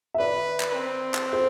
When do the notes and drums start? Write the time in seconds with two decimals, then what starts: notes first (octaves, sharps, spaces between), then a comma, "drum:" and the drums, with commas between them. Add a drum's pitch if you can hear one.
0.14 E5
0.19 B4 D5
0.60 drum: clap
0.74 C4
1.14 drum: clap
1.33 C5